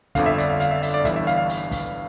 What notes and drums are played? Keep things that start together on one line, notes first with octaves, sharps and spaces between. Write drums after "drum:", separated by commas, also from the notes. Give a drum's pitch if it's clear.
G1 F2 D3 F5, drum: kick, hi-hat
E5
D5, drum: hi-hat
F5
F5, drum: hi-hat
E5
E5, drum: open hi-hat
D5
G1 G2 E3 E5, drum: kick, hi-hat
E5
F5, drum: hi-hat
F5
drum: open hi-hat
drum: kick, open hi-hat